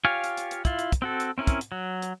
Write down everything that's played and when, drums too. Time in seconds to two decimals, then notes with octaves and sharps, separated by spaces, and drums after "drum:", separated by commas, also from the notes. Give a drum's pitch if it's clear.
0.05 F4 G4 C#5 F5 G#5
0.24 drum: hi-hat
0.37 drum: hi-hat
0.51 drum: hi-hat
0.65 E4 F4, drum: kick, hi-hat
0.79 drum: hi-hat
0.92 drum: kick, hi-hat
1.02 C4 F#4 A4
1.20 drum: hi-hat
1.38 C4 C#4 E4 A#4
1.47 drum: kick, hi-hat
1.61 drum: hi-hat
1.72 F#3
2.02 drum: hi-hat